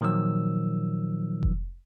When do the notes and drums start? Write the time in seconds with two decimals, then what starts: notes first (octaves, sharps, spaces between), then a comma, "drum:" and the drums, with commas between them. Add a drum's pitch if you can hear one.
0.01 A#2 D#3 F3 F#3 E6
1.43 drum: kick F1